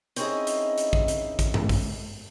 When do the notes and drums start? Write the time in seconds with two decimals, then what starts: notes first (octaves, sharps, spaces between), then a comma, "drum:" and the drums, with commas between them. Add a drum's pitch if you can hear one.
0.16 C4 C#4 D#4 E4 G#4 D#5, drum: hi-hat
0.47 drum: hi-hat
0.78 drum: hi-hat
0.93 drum: kick
1.08 drum: hi-hat
1.39 drum: kick, hi-hat
1.54 drum: tom
1.69 drum: kick, open hi-hat